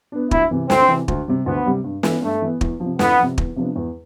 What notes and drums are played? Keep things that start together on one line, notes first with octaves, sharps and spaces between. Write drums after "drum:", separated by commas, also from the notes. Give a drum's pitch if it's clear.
B3 D4
D2 E4, drum: kick
C3 E3
D2 C4, drum: snare
C3 E3
D2, drum: kick
C3 G3
D2 B3
C3 G3
G2
E3, drum: snare
B3
G2 A3
E3 B3
E2, drum: kick
F3
C3
E2 B3, drum: snare
C3 F3
E2, drum: kick
C3 F3 B3 D4
E2